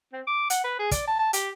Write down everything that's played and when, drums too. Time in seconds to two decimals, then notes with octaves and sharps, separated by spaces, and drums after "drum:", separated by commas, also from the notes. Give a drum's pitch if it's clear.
0.13 C4
0.27 D6
0.50 F#5, drum: hi-hat
0.64 B4
0.79 G#4
0.91 D5, drum: kick, hi-hat
1.07 A5
1.19 A5
1.33 G4, drum: hi-hat